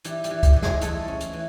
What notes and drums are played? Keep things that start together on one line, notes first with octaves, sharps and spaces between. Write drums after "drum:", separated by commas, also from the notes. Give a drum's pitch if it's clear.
E3 G3 G4, drum: hi-hat
G3 G4, drum: hi-hat
E3
G3 G4, drum: kick C2, hi-hat
E3 G4
G#3 G#4, drum: snare
E3 A3 A4, drum: hi-hat
C#4
drum: hi-hat
E3